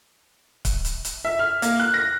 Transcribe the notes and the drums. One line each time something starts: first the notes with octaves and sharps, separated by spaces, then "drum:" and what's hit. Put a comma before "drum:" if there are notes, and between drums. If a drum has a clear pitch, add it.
drum: kick, hi-hat
drum: hi-hat
drum: hi-hat
E5
F6
A#3, drum: hi-hat
F#6
A#6